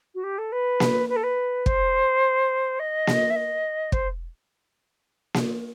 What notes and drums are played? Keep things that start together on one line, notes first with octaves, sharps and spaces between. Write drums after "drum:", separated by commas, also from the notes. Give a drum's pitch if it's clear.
F#4
G4
A4
B4
drum: snare A#3
B4
A4
B4
C5, drum: kick
D#5
drum: snare A#3
E5
D#5
C5, drum: kick
drum: snare A#3